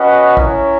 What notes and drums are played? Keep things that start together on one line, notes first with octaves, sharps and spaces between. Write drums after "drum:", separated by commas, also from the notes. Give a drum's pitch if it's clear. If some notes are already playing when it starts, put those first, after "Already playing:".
Already playing: C#4 F#4 B4 D#5 F#5
C#4 E4 A#4 C#5, drum: kick